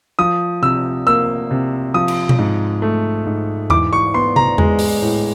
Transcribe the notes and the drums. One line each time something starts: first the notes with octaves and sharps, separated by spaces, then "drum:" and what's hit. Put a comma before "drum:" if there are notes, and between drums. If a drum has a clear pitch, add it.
F3 D#6
C3 E6
A#3 E6
C3
F3 D#6
drum: cymbal
drum: tom B2
G#2
A3
G#2
E3 D6, drum: tom E2
C#6
B3 C6
A#5, drum: tom
G#3, drum: tom E2
drum: open hi-hat
A2